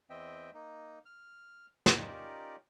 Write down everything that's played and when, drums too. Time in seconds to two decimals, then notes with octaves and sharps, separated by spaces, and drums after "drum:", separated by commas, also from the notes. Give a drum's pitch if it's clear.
0.10 E2 E3 C4 D#5 E5 G5
0.54 A#3 D#4
1.05 F6
1.86 drum: snare
1.98 C#4 D#4 F4 G4 A#4 D5